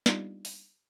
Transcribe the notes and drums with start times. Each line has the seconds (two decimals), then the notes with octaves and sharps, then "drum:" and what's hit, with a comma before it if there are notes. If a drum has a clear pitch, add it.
0.06 G3 A#3 B3 D4 D#4 F4, drum: snare
0.45 drum: open hi-hat